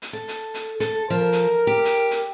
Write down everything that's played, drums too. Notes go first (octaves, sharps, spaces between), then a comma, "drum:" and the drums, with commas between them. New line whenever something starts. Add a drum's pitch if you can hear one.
drum: hi-hat
A4
drum: hi-hat
drum: hi-hat
A4, drum: hi-hat
F3 A#4
drum: hi-hat
G4
drum: hi-hat
drum: hi-hat